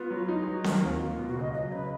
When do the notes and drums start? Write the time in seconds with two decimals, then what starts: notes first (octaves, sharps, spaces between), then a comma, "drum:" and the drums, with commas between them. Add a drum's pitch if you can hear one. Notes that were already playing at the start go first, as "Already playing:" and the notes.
Already playing: B3 F4
0.11 F#3
0.28 D#4
0.41 G#4
0.46 F#3 F#4
0.64 D#3 A#4, drum: snare C4
0.82 D#2 F#4
0.93 F4
1.00 A#3 F#4
1.14 B2 F4
1.27 F#4
1.36 C#2 D#5
1.53 F#3 D#5
1.72 C#3 B4